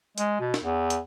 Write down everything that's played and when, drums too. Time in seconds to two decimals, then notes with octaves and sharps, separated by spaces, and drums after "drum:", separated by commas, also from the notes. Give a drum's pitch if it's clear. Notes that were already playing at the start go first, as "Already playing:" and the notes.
0.18 G#3, drum: hi-hat
0.40 B2
0.54 drum: snare
0.64 E2
0.90 drum: hi-hat